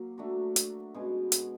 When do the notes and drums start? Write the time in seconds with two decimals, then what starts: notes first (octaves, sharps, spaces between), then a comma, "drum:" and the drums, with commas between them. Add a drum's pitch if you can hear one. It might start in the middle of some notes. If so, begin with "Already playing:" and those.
Already playing: F#3 A#3
0.18 A3 D4 F#4
0.56 drum: hi-hat
0.94 B2 G#3 C#4
1.32 drum: hi-hat